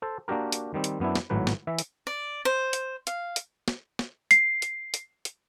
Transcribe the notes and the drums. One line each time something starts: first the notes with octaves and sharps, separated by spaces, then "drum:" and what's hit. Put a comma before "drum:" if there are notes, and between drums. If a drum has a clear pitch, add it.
A4 C5
A#3 D4 F#4 G4 A#4
drum: hi-hat
D#3 G3 C4
drum: hi-hat
F#2 B3 D4 E4
drum: snare
G#1 A2 F#3 B4
drum: snare
E3 E5
drum: hi-hat
D5
C5
drum: hi-hat
F5, drum: hi-hat
drum: hi-hat
drum: snare
drum: snare
C7, drum: hi-hat
drum: hi-hat
drum: hi-hat
drum: hi-hat